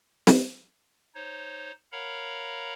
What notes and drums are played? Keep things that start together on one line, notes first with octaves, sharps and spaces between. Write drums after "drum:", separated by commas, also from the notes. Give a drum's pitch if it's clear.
drum: snare
D#4 C5 C#5
A#4 C#5 F5 F#5 A#5 B5